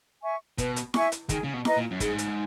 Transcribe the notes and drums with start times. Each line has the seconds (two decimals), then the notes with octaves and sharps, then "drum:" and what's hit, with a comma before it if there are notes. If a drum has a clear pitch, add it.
0.23 E5 G#5 C#6
0.58 B2 B4, drum: kick, hi-hat
0.76 drum: hi-hat
0.94 E5 G#5 C#6, drum: snare E4
1.12 drum: hi-hat
1.29 D#3 G#4, drum: kick, hi-hat
1.44 C#3
1.53 B2
1.65 B4 D#5 A#5, drum: snare E4
1.77 A#2
1.91 F#2
2.00 G#2 G#4, drum: kick, hi-hat
2.18 drum: hi-hat